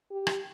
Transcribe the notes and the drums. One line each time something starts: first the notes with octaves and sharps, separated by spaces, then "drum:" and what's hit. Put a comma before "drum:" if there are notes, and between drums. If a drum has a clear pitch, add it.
G4
drum: rim click